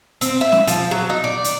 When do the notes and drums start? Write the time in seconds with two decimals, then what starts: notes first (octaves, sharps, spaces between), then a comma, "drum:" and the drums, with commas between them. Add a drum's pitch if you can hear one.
0.21 C4, drum: hi-hat
0.41 E5
0.52 drum: snare
0.67 F3, drum: hi-hat
0.91 F#3
1.10 D#4
1.24 D5
1.44 drum: hi-hat